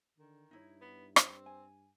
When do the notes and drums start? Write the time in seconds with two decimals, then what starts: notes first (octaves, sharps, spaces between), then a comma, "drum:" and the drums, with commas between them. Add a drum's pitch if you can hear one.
0.18 D3 D#3
0.51 G2 D#4 E4 C#5
0.81 B3
1.16 C4, drum: rim click
1.46 G#5